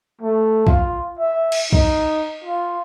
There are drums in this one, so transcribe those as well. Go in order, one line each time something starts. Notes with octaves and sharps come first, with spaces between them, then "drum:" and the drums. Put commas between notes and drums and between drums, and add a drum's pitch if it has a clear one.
A3
F4, drum: kick
E5
drum: cymbal
D#4, drum: kick
F4